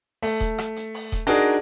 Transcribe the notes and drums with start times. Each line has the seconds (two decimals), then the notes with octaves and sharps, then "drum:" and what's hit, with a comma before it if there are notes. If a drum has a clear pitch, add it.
0.23 A3, drum: open hi-hat
0.40 drum: kick D#1, hi-hat
0.58 drum: rim click
0.76 drum: hi-hat
0.94 drum: open hi-hat
1.12 drum: kick D#1, hi-hat
1.27 D4 D#4 F#4 G#4 A#4